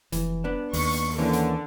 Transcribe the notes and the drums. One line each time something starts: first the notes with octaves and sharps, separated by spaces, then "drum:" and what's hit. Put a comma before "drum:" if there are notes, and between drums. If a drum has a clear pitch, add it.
F1 E3, drum: hi-hat
B3 D4
D#2 C#6, drum: open hi-hat
drum: hi-hat
D3 E3 A#3 C#4
drum: hi-hat